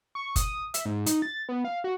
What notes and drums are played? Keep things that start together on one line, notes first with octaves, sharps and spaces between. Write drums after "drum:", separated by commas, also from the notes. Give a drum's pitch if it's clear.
C#6
D#6, drum: kick, hi-hat
E5, drum: hi-hat
G#2
D#4, drum: hi-hat
A6
B3
F5
F#4